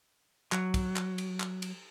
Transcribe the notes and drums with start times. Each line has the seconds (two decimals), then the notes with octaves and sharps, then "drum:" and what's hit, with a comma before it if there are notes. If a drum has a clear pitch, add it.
0.52 F#3, drum: clap
0.74 drum: kick, cymbal
0.96 drum: clap
1.18 drum: cymbal
1.40 drum: clap
1.62 drum: cymbal